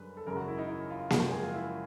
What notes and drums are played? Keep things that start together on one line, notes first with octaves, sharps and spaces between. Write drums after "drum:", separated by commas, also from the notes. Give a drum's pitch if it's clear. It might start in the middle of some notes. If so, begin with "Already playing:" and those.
Already playing: F#2 D3 G3 B4
A4
G#1 F#2 C#3 A#4
F#4
E4
D#4
E4
F4
F#2 C#3 F3 G#3 F#4, drum: snare A#3
G4
G#4
F4
E4